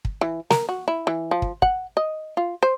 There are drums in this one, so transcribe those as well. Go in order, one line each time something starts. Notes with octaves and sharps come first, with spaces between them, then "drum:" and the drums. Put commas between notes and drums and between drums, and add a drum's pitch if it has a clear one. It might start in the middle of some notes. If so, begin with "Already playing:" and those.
drum: kick
E3
A#4, drum: snare
F#4
E4
E3
F3
drum: kick
F#5, drum: kick
D#5
F4
C5